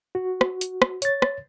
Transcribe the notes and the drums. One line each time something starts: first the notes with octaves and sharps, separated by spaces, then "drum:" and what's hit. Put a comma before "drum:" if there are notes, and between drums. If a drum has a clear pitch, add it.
F#4
drum: rim click
drum: hi-hat
drum: rim click
C#5 A6, drum: hi-hat
drum: rim click